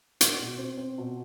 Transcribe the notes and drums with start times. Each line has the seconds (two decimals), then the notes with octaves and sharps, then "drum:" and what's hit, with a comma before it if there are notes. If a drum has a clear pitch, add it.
0.21 F#4, drum: hi-hat
0.40 B2
0.58 C4
0.77 C4
0.98 B2